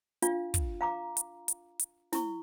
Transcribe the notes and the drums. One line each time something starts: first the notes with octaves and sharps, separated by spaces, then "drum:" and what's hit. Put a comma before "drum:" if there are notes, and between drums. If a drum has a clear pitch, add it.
D4 F4 F5, drum: hi-hat
drum: kick, hi-hat
F5 A#5 D6
drum: hi-hat
drum: hi-hat
drum: hi-hat
E4 C#6, drum: snare